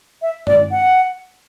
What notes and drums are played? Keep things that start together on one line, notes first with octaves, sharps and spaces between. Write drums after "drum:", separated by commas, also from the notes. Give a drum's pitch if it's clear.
E5
D5, drum: tom
F#5